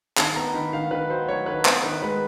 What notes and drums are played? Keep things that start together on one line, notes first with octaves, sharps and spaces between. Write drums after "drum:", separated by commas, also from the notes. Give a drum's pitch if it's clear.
D#3 A5, drum: clap
B3 A#5
D#3 B5
D#3 F5
D#3 B4
F#3 C5
D#3 C#5
D#3 B4
B3 C5, drum: clap
D#3 B4
G#3 B4